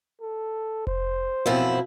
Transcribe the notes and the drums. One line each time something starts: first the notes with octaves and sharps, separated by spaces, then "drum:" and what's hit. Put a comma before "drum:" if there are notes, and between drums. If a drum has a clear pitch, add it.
A4
C5, drum: kick F1
F#2 B2 F3 C4 E4